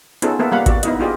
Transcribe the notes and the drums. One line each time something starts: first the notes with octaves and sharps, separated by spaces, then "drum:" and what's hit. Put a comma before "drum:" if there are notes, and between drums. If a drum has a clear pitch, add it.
B3 C#4 D#4 F4 G#4 A4, drum: hi-hat
A#3 B3 A4 A#4 E5
G3 A#3 F5 F#5 B5
F#4 D5, drum: kick G#1, hi-hat
B3 D#4 E4 A#4 D#5, drum: hi-hat
D4 F4 G4 G#4 D#5